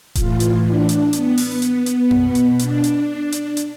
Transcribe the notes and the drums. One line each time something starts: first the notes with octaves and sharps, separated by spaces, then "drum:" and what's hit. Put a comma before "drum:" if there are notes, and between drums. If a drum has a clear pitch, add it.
A2 E3 F4, drum: kick D#1, hi-hat
drum: hi-hat
D4
drum: hi-hat
B3, drum: hi-hat
drum: open hi-hat
drum: hi-hat
drum: hi-hat
B2, drum: tom F2
drum: hi-hat
D4, drum: hi-hat
drum: hi-hat
drum: hi-hat
drum: hi-hat